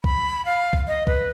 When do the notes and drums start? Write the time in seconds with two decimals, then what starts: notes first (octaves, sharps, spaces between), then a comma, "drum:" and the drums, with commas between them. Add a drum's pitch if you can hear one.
0.04 B5, drum: kick B1
0.45 F5
0.73 drum: kick B1
0.87 D#5
1.07 B4, drum: kick B1